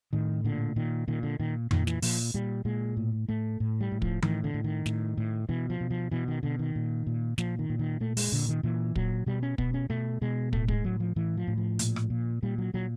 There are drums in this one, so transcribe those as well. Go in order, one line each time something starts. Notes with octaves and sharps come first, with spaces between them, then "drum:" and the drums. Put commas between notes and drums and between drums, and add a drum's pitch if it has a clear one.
A2 D#3
A#2 D3
A#2 D#3
A#2 D#3
D3
A#2 D#3
A#2 D#3, drum: tom F2
E3, drum: snare
A#2 F3, drum: open hi-hat
A#2 G3
A#2 G#3
A2
A2 A3
A2
G3
A2
F3, drum: kick
A2 D#3, drum: tom E3
D3
A2
D#3
A2, drum: snare
A2
B2 E3
F3
B2
F3
B2 E3
D#3
B2 D3
D#3
A#2
A#2
A#2 F3, drum: snare
D#3
A#2
D#3
A#2 A3
G#3, drum: open hi-hat
A#2 D3
D#3
A#2 E3
A#2 F#3, drum: kick
B2 G3
C#4
B2 B3, drum: kick
C#4
B2 A3
B2 G#3
A2 A3, drum: kick
G#3, drum: kick
A2 F#3
F3
A2 E3
F3
A2
F3
A#2, drum: hi-hat
drum: rim click
A#2
A#2 G3
F#3
A#2 F#3